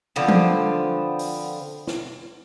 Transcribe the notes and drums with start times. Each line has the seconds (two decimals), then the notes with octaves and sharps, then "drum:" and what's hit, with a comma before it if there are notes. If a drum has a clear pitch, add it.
0.16 D3 F3 B3 C4
0.28 drum: tom F3
1.19 drum: open hi-hat
1.87 drum: snare